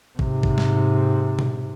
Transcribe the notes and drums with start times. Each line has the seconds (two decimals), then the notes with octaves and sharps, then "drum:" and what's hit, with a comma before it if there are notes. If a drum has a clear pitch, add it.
0.19 G#2 C3, drum: kick
0.43 drum: kick
0.58 drum: snare
1.39 drum: tom B2